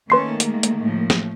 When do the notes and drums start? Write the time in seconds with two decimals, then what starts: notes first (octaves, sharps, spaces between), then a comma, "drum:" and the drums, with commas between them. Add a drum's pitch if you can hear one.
0.10 D#3 A3 A#3 C#4 A4 B4 C6 C7
0.40 G#3, drum: hi-hat
0.63 drum: hi-hat
0.80 A2 F3
1.10 drum: snare